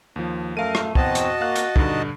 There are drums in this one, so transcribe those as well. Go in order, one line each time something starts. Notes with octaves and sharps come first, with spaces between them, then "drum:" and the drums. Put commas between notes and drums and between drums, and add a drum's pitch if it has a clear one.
D#2 F3
F#2 A3 A#4 F5 D#7
drum: rim click
E2 C4 F#4 D#5 A5, drum: kick
drum: hi-hat
A#3 F5 F#6
drum: hi-hat
G2 D3 D#4, drum: kick